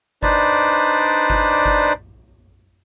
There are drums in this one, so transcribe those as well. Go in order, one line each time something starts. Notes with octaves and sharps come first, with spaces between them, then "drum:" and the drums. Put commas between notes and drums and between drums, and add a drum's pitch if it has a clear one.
D4 D#4 B4 C5 D5, drum: kick G1
drum: kick G1
drum: kick G1